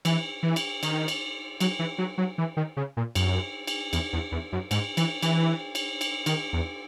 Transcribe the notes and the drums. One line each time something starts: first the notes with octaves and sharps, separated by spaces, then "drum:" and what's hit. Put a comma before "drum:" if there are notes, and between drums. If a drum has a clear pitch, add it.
E3, drum: cymbal
E3
drum: cymbal
D#3, drum: cymbal
drum: cymbal
F#3, drum: cymbal
E3
F#3
F#3
E3
D#3
C#3
A#2
F#2, drum: cymbal
drum: cymbal
E2, drum: cymbal
E2
E2
F#2
G#2, drum: cymbal
E3, drum: cymbal
E3, drum: cymbal
drum: cymbal
drum: cymbal
D#3, drum: cymbal
E2